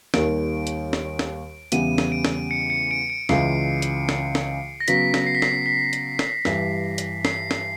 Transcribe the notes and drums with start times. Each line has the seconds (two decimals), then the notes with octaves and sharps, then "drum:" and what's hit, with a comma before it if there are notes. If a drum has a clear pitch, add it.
0.14 D#2 D#3 G3 D7, drum: snare
0.67 drum: hi-hat
0.93 drum: snare
1.19 drum: snare
1.72 E2 C#3 E3 G3 B3 D#7, drum: hi-hat
1.98 drum: snare
2.12 D7
2.25 drum: snare
2.51 C#7
2.70 C#7
2.91 D7
3.10 D7
3.29 C#2 C#3 E3 G#3 C7, drum: snare
3.82 drum: hi-hat
4.09 drum: snare
4.35 drum: snare
4.80 A#6
4.88 C#3 F#3 B3 B6, drum: hi-hat
5.14 drum: snare
5.27 C7
5.35 B6
5.42 C7, drum: snare
5.66 B6
5.93 drum: hi-hat
6.19 drum: snare
6.45 G2 E3 G3, drum: snare
6.98 drum: hi-hat
7.25 C7, drum: snare
7.51 drum: snare